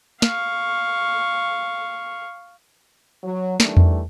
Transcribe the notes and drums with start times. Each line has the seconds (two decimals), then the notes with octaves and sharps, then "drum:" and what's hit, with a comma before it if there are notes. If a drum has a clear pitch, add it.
0.22 F5 C#6, drum: snare
3.23 F#3
3.60 D#3 E3 G3 A3 D4, drum: snare
3.77 drum: tom E2